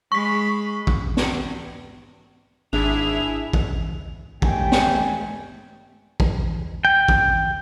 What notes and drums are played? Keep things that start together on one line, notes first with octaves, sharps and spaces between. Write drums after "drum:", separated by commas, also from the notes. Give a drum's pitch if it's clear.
G#3 B5 C#6 B6
drum: kick
drum: snare
G#1 D4 E4 G#4 E5 F7
drum: kick
D#2 G3 A3 G5 G#5, drum: kick
drum: snare
drum: kick
G5
drum: kick